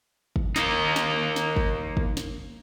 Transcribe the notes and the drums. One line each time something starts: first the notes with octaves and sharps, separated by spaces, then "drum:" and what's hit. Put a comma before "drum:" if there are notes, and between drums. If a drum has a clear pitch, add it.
drum: kick
A#3 D#4, drum: snare
drum: snare
drum: snare
drum: kick
drum: kick
drum: snare